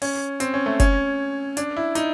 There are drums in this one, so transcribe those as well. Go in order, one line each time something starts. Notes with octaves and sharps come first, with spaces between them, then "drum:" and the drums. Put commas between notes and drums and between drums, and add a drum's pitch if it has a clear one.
C#4, drum: open hi-hat
C4, drum: hi-hat
C#4
A3
C#4, drum: kick F#1, hi-hat
D4, drum: hi-hat
E4
D#4, drum: hi-hat